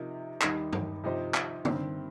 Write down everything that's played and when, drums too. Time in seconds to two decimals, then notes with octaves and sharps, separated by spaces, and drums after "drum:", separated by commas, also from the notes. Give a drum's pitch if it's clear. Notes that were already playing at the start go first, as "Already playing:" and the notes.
Already playing: C3 F3 D#4 A#4
0.41 D#2 D#3 G3 D#4, drum: clap
0.73 drum: tom
1.04 C3 F3 D#4 G4 C5
1.34 drum: clap
1.65 G2 D#3 C4, drum: tom